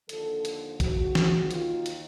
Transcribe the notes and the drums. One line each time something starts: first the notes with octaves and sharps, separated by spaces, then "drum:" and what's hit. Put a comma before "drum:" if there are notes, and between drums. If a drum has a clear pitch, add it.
D#2 D3 F3 A4, drum: hi-hat
drum: hi-hat
D#2 C#3 F3 F#4, drum: kick A#1, hi-hat
drum: snare
D#2 D#3 F4, drum: hi-hat
drum: hi-hat